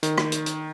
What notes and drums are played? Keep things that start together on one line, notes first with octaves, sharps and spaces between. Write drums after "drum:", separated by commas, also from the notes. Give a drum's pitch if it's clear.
D#3, drum: hi-hat
drum: rim click
drum: hi-hat
drum: hi-hat